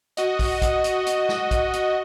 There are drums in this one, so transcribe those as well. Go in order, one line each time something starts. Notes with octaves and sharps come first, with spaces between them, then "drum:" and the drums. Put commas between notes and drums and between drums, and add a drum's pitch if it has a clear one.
F#4 D#5, drum: hi-hat
drum: kick, open hi-hat
drum: kick, hi-hat
drum: hi-hat
drum: hi-hat
drum: snare
drum: kick, hi-hat
drum: hi-hat